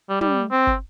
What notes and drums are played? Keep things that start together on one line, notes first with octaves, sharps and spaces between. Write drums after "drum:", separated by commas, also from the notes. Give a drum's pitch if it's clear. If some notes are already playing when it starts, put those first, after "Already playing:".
G3
G3, drum: tom
C4
drum: kick